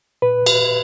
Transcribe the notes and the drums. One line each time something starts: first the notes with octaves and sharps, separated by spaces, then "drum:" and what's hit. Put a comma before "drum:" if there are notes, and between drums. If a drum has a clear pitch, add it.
A#2 B4
drum: cymbal